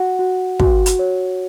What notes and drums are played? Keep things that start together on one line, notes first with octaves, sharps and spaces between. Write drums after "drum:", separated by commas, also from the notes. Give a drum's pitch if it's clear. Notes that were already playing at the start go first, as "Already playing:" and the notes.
Already playing: F#4 F#5
F#4
F#4, drum: kick
drum: hi-hat
C#5